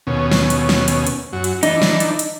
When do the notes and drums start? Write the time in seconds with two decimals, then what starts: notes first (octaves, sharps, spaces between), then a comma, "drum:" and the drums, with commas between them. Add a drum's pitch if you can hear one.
0.07 D#2 B2 C#4
0.31 drum: snare
0.50 drum: hi-hat
0.69 drum: snare
0.88 drum: hi-hat
1.07 drum: hi-hat
1.33 F#2 F#4
1.44 drum: hi-hat
1.63 E3 D4 D#4, drum: hi-hat
1.82 drum: snare
2.00 drum: hi-hat
2.19 drum: hi-hat